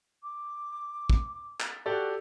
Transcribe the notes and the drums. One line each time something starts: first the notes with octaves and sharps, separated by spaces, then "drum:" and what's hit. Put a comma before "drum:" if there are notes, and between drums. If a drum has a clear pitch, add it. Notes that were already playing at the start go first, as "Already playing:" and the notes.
D6
drum: kick
drum: clap
F#4 G4 A4 D5